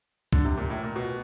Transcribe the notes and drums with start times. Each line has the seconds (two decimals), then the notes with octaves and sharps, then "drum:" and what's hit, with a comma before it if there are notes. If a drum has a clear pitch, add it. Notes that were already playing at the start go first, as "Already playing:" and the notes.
0.33 D3, drum: kick
0.45 C3
0.57 A#2
0.70 A2
0.83 A#2
0.96 B2